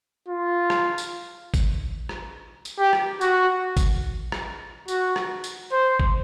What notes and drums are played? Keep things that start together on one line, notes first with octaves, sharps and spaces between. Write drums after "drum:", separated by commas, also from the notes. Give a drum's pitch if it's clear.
F4
drum: rim click
drum: tambourine
drum: kick G#1, tambourine
drum: rim click
drum: tambourine
G4
drum: rim click
F#4, drum: tambourine
drum: kick G#1, tambourine
drum: rim click
F#4, drum: tambourine
drum: rim click
drum: tambourine
C5
drum: kick G#1